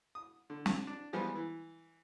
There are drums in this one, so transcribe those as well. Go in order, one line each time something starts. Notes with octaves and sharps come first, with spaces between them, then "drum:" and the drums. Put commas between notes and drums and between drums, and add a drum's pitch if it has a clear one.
D#6
D3
drum: snare
D4
E3 F3 G3 G#3 B3
E3